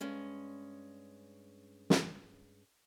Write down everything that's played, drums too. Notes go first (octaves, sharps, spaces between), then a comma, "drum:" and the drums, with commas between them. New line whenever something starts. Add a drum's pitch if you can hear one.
G2 G#3 C#4
drum: snare